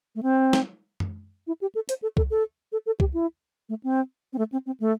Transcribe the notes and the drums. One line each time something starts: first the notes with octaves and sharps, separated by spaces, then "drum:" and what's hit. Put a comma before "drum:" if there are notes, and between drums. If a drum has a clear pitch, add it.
A3
C4
drum: snare
drum: tom F#2
E4
G4
A4
C5, drum: hi-hat
A4
A4, drum: kick C2
A4
A4
A4
G4, drum: kick C2
E4
A3
C4
C4
A3
C4
C4
A3